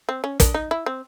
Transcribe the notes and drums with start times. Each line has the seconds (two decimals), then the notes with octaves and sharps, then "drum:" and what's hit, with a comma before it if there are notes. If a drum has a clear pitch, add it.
0.09 C4
0.24 C#4
0.40 D4, drum: kick, hi-hat
0.54 D#4
0.71 E4
0.86 C4